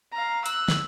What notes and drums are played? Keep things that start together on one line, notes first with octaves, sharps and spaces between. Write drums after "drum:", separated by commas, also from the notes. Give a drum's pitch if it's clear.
F5 A#5
E6 F#6, drum: hi-hat
drum: snare